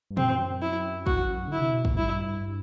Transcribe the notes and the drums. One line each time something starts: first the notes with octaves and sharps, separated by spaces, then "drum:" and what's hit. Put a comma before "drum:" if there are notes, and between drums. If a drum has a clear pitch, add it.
G2
F#2 C4, drum: tom
E4
F#4, drum: kick
D3 E4
C3
B2
A2, drum: kick
G2 E4